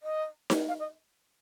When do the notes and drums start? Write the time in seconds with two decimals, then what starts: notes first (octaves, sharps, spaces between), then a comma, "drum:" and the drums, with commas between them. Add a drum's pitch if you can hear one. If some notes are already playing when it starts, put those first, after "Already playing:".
0.03 D#5
0.50 drum: snare D#4
0.68 F5
0.79 D#5